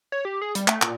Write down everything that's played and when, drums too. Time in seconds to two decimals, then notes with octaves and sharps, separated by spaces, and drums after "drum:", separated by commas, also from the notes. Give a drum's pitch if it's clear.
0.12 C#5
0.25 G4
0.42 G#4
0.55 G3, drum: hi-hat
0.68 A3, drum: clap
0.82 A#2, drum: clap